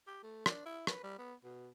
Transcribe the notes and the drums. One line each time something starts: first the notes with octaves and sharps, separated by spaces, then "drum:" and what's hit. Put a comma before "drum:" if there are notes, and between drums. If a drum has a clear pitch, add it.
G4
A3
D4, drum: rim click
E4
B4, drum: rim click
G3
B3
B2